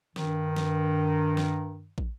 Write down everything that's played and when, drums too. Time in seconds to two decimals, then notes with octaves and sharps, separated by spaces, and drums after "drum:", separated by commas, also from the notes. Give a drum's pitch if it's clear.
0.16 G2 D#3, drum: snare
0.56 drum: snare
1.37 drum: snare
1.98 drum: kick